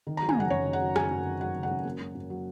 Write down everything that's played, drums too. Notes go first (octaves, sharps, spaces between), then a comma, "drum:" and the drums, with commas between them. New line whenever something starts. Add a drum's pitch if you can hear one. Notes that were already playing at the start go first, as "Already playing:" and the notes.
D#3
F#3 A#5
G#5, drum: tom
F#1 F#5
F#2 C#5
D#3
F#5
F#3
F#1 G#5, drum: rim click
F#2
D#3
F#3 F#5
F#1
F#5
F#2
A#3
F#2
F#2
F#3